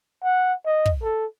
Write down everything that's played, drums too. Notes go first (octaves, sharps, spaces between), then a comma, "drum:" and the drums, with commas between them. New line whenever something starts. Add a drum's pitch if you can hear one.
F#5
D#5
drum: kick
A4